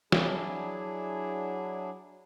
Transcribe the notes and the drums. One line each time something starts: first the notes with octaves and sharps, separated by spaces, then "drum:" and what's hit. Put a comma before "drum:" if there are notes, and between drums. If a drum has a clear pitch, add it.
F#3 D4 E4 G#4, drum: snare